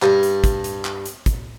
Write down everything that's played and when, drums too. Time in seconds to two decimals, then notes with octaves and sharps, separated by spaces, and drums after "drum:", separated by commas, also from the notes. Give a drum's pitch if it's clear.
0.02 G2, drum: clap
0.23 drum: hi-hat
0.44 drum: kick, hi-hat
0.64 drum: hi-hat
0.85 drum: clap
1.06 drum: hi-hat
1.26 drum: kick, hi-hat